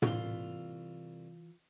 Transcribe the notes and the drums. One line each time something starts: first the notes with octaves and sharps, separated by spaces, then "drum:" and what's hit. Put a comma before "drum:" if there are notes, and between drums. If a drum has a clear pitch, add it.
C2 E3 F4 F5 C6, drum: tom